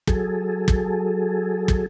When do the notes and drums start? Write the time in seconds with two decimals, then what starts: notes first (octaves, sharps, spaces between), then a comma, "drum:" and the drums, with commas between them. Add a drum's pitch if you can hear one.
0.08 F#3 G#4 A4, drum: kick
0.68 drum: kick
1.68 drum: kick